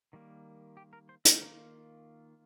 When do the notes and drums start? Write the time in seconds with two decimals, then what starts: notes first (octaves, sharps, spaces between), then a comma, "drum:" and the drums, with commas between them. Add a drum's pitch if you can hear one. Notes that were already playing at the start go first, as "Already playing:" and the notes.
0.13 D#3 G3 A#3
0.77 G4
0.93 A#4
1.09 C5
1.25 D#5, drum: hi-hat
1.41 D#3 A#3 F4 A#4